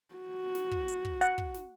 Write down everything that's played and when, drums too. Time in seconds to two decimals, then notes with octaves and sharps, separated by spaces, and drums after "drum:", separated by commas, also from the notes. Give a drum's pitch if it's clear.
0.14 F#4
0.55 drum: snare
0.71 drum: kick
0.88 drum: hi-hat
1.05 drum: kick
1.21 F#5, drum: hi-hat
1.38 drum: kick
1.54 drum: snare